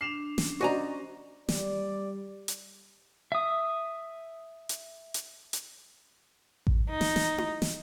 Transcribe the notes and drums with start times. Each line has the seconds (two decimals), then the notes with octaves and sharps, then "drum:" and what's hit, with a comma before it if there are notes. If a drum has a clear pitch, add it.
0.01 D4 C7 E7 F7
0.38 C#4 D4, drum: snare
0.61 F#4 C5 D5 D#5 G#5 A#5
1.49 G3 D5, drum: snare
2.48 drum: hi-hat
3.32 E5 D#6
4.69 drum: hi-hat
5.14 drum: hi-hat
5.53 drum: hi-hat
6.67 drum: kick A1
6.89 D#4
7.01 drum: snare
7.16 drum: snare
7.38 drum: tom E4
7.62 drum: snare